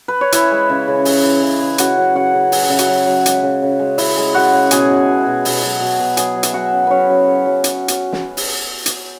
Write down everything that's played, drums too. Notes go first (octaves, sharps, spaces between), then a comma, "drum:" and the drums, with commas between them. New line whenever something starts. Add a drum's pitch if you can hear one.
B4
C#5
E3 E4 E5, drum: hi-hat
G#3
C#3
C#3
G#3, drum: open hi-hat
E3
C#3
C#3
C#3 F#4 F#5, drum: hi-hat
F#3
C#3 F#4 F#5
C#3
F#3 G#5, drum: open hi-hat
F#5
C#3 E5
F#4 F#5, drum: hi-hat
F#3
F#3
G#3, drum: hi-hat
C#3
C#3
G#3
C#3 E4 E5, drum: open hi-hat
G#3
C#3 F#4 F#5
C#3
B2 G#4 G#5, drum: hi-hat
B2
B2
B2
B2, drum: open hi-hat
F#3
B2
B2
F#3 G#4 G#5, drum: hi-hat
F#3
E5, drum: hi-hat
F#3 F#4 F#5
C#3
F#3 C#4 B4 C#5
F#3
C#3
F#3
drum: hi-hat
drum: hi-hat
drum: snare
drum: open hi-hat
drum: hi-hat